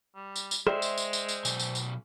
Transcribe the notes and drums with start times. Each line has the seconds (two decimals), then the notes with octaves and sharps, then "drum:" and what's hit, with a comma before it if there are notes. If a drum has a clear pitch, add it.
0.15 G3
0.36 drum: tambourine
0.51 drum: tambourine
0.67 G#3 C5 D5 E5 G5, drum: rim click
0.82 drum: tambourine
0.98 drum: tambourine
1.13 drum: tambourine
1.29 drum: tambourine
1.45 B2 F#3 G#5, drum: tambourine
1.60 drum: tambourine
1.75 drum: tambourine